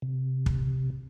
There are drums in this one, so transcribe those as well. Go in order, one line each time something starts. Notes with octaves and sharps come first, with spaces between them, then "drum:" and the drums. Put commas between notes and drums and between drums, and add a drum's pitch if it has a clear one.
C3
drum: kick